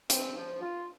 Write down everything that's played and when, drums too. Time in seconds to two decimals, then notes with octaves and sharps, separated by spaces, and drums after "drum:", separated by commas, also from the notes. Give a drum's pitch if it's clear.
0.10 C4, drum: hi-hat
0.35 F3
0.61 F4